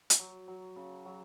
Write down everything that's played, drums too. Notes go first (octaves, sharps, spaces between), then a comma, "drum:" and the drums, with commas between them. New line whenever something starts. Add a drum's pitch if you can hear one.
drum: hi-hat
F#3
F#3
C#3
F#3